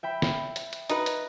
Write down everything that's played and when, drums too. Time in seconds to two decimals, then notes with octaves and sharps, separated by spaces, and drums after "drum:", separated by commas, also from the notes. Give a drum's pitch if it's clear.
0.03 E5 G5 B5
0.22 drum: snare
0.56 drum: hi-hat
0.73 drum: hi-hat
0.90 D#4 F#4 B4 A#6, drum: hi-hat
1.06 drum: hi-hat